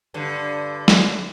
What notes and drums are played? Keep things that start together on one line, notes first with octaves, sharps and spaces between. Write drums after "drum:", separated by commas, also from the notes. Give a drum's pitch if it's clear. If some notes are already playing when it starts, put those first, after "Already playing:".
G2 D3
drum: snare